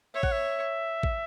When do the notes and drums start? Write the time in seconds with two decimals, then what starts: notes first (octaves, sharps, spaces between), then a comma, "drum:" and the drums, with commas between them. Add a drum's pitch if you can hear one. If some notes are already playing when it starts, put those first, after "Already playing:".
0.15 C#5 E5
0.23 F#5, drum: kick A1
0.32 E5
1.03 drum: kick A1